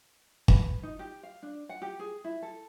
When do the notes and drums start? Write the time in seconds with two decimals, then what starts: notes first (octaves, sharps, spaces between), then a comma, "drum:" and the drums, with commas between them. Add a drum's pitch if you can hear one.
0.48 B4, drum: kick
0.83 D#4
0.99 G4
1.23 F5
1.43 D4
1.69 F#5
1.82 G4
1.99 G#4
2.24 E4
2.42 A4